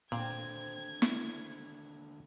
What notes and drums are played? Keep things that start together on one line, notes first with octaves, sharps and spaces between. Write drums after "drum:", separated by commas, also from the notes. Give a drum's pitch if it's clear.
D#2 A#2 D3 C4 G#6
drum: snare